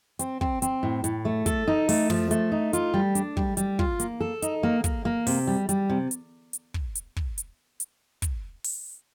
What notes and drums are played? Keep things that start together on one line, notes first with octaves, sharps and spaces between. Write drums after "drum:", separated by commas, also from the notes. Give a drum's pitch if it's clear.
C4, drum: hi-hat
C4, drum: kick
C4, drum: hi-hat
A2
A2, drum: hi-hat
A3
A4, drum: kick, hi-hat
D#4
A3, drum: open hi-hat
F3, drum: tom
A3, drum: hi-hat
D#4
F4, drum: hi-hat
G3
D4, drum: hi-hat
G3, drum: kick
G3, drum: hi-hat
F4, drum: kick
A#3, drum: hi-hat
A4
D#4, drum: hi-hat
A#3
A#3, drum: kick, hi-hat
A#3
C3, drum: open hi-hat
G3
G3, drum: hi-hat
C3
drum: hi-hat
drum: hi-hat
drum: kick
drum: hi-hat
drum: kick
drum: hi-hat
drum: hi-hat
drum: kick, hi-hat
drum: open hi-hat